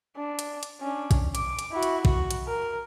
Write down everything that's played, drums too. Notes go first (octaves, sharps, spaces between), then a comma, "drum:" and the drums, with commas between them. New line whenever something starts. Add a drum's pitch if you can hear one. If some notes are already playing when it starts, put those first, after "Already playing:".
D4
drum: hi-hat
drum: hi-hat
C#4 D4
drum: kick, hi-hat
D6, drum: hi-hat
drum: hi-hat
E4 F#4
drum: hi-hat
F#4, drum: kick
drum: hi-hat
A#4